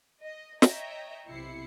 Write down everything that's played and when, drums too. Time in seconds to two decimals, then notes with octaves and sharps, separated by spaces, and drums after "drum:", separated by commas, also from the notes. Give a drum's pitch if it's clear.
0.22 D#5
0.62 C#5 D#5 E5 G5 A#5, drum: snare
1.28 B1 C3 E4 C7 C#7